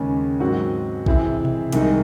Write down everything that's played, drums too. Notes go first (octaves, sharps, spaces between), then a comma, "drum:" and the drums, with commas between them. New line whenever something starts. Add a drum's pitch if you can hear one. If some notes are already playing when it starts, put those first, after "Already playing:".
Already playing: D#2 C#3 G#3 C#4
G#2 D#3 F#3 C4 F#4
C3 E3 C4 E4 G#4, drum: kick A1
drum: tom B2
C2 C3 D#3 G#3 D#4, drum: hi-hat